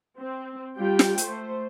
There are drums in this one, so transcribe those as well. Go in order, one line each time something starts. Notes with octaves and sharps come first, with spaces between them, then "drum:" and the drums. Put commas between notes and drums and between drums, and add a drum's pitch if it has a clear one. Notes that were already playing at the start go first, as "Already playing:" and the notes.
C4
G3 F4 G4 G5
drum: snare
A3 C5, drum: hi-hat